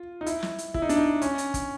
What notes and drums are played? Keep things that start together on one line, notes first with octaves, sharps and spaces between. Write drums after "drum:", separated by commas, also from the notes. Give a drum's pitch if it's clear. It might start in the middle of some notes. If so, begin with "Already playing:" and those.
Already playing: F4
D#4
E4, drum: hi-hat
drum: snare
drum: hi-hat
E4, drum: kick
D#4
D4, drum: hi-hat
D#4
C#4, drum: hi-hat
drum: hi-hat
drum: kick, hi-hat